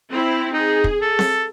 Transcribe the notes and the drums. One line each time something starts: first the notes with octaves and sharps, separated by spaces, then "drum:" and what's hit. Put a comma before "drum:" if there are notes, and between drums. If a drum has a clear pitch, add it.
C4 E4
D#4 G#4
drum: kick
A4
drum: snare C4